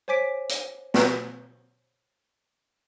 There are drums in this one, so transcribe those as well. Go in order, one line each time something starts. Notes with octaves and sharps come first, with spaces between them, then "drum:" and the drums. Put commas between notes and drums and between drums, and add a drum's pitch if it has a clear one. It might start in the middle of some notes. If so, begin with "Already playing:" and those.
C5 C#5 G#5 D6 B6 D7
drum: hi-hat
drum: snare